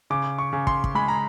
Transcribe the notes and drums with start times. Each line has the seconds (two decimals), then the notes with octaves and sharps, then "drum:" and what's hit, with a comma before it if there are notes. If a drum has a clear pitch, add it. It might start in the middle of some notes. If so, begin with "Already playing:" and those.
0.10 C#3 D6
0.39 C#6
0.53 C#3
0.67 C6, drum: kick
0.84 drum: kick
0.95 G#3 B5
1.08 A#5